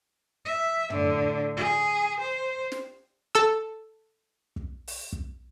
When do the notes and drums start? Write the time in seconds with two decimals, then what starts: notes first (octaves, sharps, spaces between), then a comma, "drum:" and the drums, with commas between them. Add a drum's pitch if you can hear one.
0.45 E5
0.90 A2 D3, drum: tom
1.56 G#4
2.20 C5
2.72 drum: snare
3.35 A4 E6
4.56 drum: kick
4.88 drum: open hi-hat
5.13 drum: kick